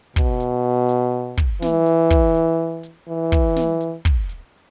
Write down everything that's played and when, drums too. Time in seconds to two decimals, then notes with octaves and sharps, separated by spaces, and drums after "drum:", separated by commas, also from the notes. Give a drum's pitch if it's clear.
0.16 B2, drum: kick
0.40 drum: hi-hat
0.89 drum: hi-hat
1.37 drum: kick, hi-hat
1.62 E3, drum: snare
1.86 drum: hi-hat
2.10 drum: kick
2.35 drum: hi-hat
2.83 drum: hi-hat
3.08 E3
3.32 drum: kick, hi-hat
3.56 drum: snare
3.81 drum: hi-hat
4.05 drum: kick
4.29 drum: hi-hat